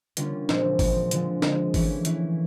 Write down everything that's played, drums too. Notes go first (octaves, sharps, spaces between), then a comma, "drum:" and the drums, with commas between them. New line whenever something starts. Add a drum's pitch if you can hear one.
D3 G3 A#3 C#4 F4, drum: hi-hat
A#2 F3 G#3 C4, drum: snare
A#2 F3 G#3 C4, drum: kick G#1, open hi-hat
D3 F3 G#3, drum: hi-hat
D3 F3 G#3, drum: snare
E3 A3 C#4 E4, drum: kick G#1, open hi-hat
E3 A3 C#4 E4, drum: hi-hat